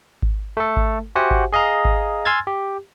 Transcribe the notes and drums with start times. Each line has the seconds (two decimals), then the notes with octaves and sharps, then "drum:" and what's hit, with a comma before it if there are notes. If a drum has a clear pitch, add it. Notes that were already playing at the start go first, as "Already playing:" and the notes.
0.22 drum: kick G#1
0.57 A3 A4
0.77 drum: kick G#1
1.15 F#4 G4 C5 E5 F#5 G#5
1.31 drum: kick G#1
1.53 G#4 D#5 F5 A#5
1.85 drum: kick G#1
2.25 G#5 C6 E6 F6 G#6 A6
2.47 G4